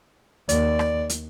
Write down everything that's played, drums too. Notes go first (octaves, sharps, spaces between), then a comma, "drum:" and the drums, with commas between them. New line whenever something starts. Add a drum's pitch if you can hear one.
D#2 D5, drum: hi-hat
drum: rim click
drum: hi-hat